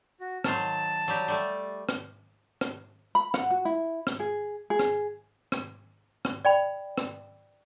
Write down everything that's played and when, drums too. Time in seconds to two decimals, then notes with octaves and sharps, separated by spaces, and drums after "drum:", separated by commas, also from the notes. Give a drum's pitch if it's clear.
0.20 F#4
0.44 D#3 F#3 C5 A5, drum: rim click
1.08 F#3 G3 G4
1.28 G3 A3
1.89 drum: rim click
2.61 drum: rim click
3.15 B5
3.34 F#5, drum: rim click
3.50 F#4
3.65 E4
4.07 drum: rim click
4.20 G#4
4.70 G#4
4.79 drum: rim click
5.52 drum: rim click
6.25 drum: rim click
6.45 D5 G5 B5
6.98 drum: rim click